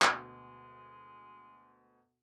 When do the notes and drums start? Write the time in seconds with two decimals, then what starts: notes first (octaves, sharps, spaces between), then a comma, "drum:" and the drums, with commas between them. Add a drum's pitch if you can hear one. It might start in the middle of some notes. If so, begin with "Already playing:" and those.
0.02 D2 B2 G#3, drum: clap